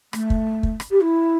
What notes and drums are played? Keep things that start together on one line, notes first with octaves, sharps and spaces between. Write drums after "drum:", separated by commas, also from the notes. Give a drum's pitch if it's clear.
A3, drum: rim click
drum: kick
drum: kick
drum: rim click
G4
E4